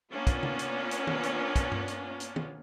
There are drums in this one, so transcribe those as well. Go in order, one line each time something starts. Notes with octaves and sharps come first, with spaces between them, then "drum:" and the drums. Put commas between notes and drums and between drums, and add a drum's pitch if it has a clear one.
A#3 B3 C#4 D4 F4
drum: kick, hi-hat
drum: tom C3
drum: hi-hat
drum: hi-hat
drum: tom
drum: hi-hat
drum: kick, hi-hat
drum: tom G2
drum: hi-hat
drum: hi-hat
drum: tom